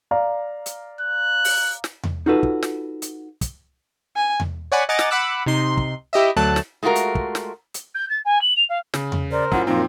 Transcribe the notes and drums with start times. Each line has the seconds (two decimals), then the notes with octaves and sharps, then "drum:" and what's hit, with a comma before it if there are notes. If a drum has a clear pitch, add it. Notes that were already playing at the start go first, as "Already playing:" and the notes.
0.11 D5 F5 A#5
0.66 drum: hi-hat
1.01 F#6
1.44 drum: open hi-hat
1.84 drum: snare
2.03 drum: tom E2
2.26 D#4 F4 F#4 A4 B4
2.43 drum: kick
2.63 drum: snare
3.02 drum: hi-hat
3.41 drum: kick, hi-hat
4.16 G#5
4.40 drum: tom E2
4.72 C#5 D5 F#5 G#5 B5
4.89 D#5 F#5 G#5 A#5 D6 A6
4.99 drum: snare
5.11 F#5 B5 D6 E6 F#6
5.46 C3 D#4 C6
5.77 drum: kick
6.13 E4 G4 D#5 E5
6.36 D2 F#3 A3 A5 F#6
6.56 drum: snare
6.83 G#3 A3 F4 F#4 A#4
6.95 drum: hi-hat
7.15 drum: kick
7.35 drum: snare
7.74 drum: hi-hat
7.95 G6
8.09 A6
8.25 G#5
8.41 F#7
8.56 F7
8.69 F5
8.94 C#3, drum: snare
9.12 drum: tom E2
9.32 A#4 C5 D5
9.52 F#2 A2 C#4 E4 F4 F#5, drum: kick
9.67 F#2 A#2 F3 C4 D#4 F4 G5 A#5